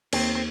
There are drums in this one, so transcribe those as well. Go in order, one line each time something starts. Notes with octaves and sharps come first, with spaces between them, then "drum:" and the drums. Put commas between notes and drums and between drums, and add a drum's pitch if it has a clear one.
D#2 C4, drum: cymbal
C4